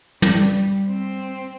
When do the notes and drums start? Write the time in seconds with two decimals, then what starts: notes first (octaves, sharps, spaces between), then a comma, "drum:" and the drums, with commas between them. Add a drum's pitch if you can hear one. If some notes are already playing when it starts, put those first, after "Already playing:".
0.22 G3, drum: tom
0.88 C4